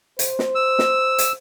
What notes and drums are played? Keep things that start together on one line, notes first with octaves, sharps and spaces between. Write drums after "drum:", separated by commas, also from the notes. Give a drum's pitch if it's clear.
C5, drum: hi-hat
drum: snare
E6
drum: snare
drum: hi-hat